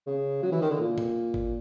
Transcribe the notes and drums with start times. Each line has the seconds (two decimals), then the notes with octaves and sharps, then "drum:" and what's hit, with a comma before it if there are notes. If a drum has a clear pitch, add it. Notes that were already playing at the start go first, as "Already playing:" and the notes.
0.07 C#3
0.43 F#3
0.52 E3
0.61 D#3
0.70 D3
0.79 A#2
0.98 drum: tom
1.34 drum: kick G1